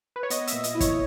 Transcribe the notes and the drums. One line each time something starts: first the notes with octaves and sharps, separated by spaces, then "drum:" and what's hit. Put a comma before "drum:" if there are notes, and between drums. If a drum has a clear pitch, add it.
B4
C#5
B3 D#5, drum: hi-hat
E5, drum: hi-hat
A#2
D#5, drum: hi-hat
E4
C#5, drum: kick, hi-hat